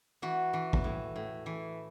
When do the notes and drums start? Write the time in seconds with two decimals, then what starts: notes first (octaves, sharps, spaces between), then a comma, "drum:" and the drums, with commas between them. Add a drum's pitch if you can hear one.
0.22 E3 F#4
0.53 E3
0.73 drum: kick
0.84 A2
1.16 A2
1.46 E3